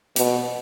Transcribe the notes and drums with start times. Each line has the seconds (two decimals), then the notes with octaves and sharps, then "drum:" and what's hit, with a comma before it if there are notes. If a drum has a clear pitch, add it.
0.16 B2, drum: hi-hat